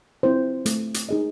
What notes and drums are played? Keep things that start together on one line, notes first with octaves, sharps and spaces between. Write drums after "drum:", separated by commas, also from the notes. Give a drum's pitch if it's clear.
C4 E4 C5
A3, drum: hi-hat
drum: hi-hat
D#4 G#4 D#5